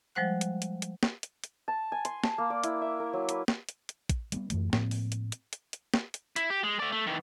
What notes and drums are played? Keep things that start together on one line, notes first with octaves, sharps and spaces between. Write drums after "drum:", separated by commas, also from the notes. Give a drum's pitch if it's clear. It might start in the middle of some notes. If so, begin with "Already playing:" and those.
F3 G3 G#3 C5 F#5 F#6
drum: hi-hat
drum: hi-hat
drum: hi-hat
drum: snare
drum: hi-hat
drum: hi-hat
A5
G#5
C6, drum: hi-hat
A5, drum: snare
A#3
D5
E4, drum: hi-hat
E5
A#4
F#3
B4, drum: hi-hat
drum: snare
drum: hi-hat
drum: hi-hat
drum: kick, hi-hat
G3 A#3 B3, drum: hi-hat
F#2 E3 A3, drum: hi-hat
A2 F3 A#3 C4, drum: snare
drum: open hi-hat
drum: hi-hat
drum: hi-hat
drum: hi-hat
drum: hi-hat
drum: snare
drum: hi-hat
E4, drum: hi-hat
G4
G#3
A3 D5
A3
D#3 E3